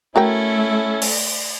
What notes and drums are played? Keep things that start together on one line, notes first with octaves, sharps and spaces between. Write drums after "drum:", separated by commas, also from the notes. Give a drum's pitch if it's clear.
A3 C#4 E4 F#4 A4 A#4 G5
drum: open hi-hat